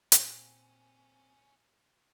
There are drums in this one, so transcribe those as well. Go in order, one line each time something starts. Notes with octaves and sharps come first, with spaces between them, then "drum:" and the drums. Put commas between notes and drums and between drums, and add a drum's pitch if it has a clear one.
A#2 C4 C#4, drum: hi-hat